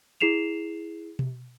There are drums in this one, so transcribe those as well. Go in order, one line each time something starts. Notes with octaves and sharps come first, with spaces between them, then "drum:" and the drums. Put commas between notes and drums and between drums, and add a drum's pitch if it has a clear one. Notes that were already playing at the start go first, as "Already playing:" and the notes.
E4 G#4 C7 E7 F7
drum: tom B2